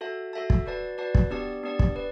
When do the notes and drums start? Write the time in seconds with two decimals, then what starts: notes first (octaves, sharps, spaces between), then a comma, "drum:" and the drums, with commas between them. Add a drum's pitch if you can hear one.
0.01 F#4 A4 E5 A5
0.33 F#4 A4 E5 A5
0.50 drum: kick
0.66 F#4 B4 D5 A5
0.98 F#4 B4 D5 A5
1.15 drum: kick
1.30 B3 D4 G4 D5 A5
1.63 B3 D4 G4 D5 A5
1.79 drum: kick
1.96 B4 D5